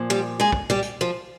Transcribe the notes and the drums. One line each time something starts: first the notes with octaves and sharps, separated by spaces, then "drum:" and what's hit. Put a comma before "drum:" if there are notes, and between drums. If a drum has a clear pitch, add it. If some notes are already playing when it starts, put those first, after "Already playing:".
Already playing: A#2 F3
G3 G4
G#3 G#4
drum: kick
G3 G4, drum: tom
drum: hi-hat
F3 F4